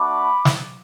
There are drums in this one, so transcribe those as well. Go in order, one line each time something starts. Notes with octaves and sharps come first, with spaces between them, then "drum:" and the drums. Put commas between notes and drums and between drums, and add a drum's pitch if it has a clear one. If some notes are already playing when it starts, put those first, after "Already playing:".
Already playing: A3 D4 F#4 B5 D6
drum: snare